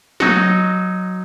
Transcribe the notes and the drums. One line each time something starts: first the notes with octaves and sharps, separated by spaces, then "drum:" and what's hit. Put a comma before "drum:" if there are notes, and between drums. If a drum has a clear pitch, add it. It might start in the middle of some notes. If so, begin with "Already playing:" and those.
F#3 D#4 F#4, drum: snare